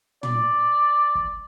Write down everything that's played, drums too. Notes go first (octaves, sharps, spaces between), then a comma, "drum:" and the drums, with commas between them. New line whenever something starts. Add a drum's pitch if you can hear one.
D5, drum: tom
drum: kick